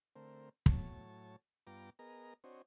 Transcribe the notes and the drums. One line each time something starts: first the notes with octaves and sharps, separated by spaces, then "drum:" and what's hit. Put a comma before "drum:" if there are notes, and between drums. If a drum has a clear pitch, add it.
D3 A3 C4 A#4 C5
A2 F#3 C#5 A5, drum: kick
G2 B3 F4 G5 A#5 D6
B3 G#4 A#4 D#5 A#5
C4 D4 F#4 C5 C#5 D#5